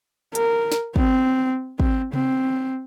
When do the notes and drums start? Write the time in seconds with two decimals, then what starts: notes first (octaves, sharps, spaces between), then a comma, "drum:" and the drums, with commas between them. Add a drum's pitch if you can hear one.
0.35 A#4, drum: hi-hat
0.72 drum: snare
0.96 C4, drum: kick
1.80 C4, drum: kick
2.13 C4, drum: tom C3